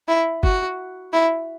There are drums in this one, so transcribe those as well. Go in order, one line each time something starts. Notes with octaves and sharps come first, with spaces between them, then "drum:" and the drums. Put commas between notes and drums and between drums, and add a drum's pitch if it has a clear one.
E4
F#4, drum: kick
E4